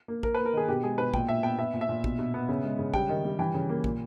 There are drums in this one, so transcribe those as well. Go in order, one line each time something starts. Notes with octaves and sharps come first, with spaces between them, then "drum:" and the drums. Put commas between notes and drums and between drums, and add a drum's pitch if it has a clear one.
A#3
A#3 A#4, drum: kick
A#3 B4
A#4
D#3 G#4
B2 G4
G#3 G#4
B2 B4
A#2 G5, drum: kick
A#2 E5
B3 G5
B3 E5
A#2
E5
A#2
B2, drum: kick
B2
B3
C#3
G#3
C#3
G3 G5, drum: kick
D#3
G3
E3 G5
C#3
A#3
A#2, drum: kick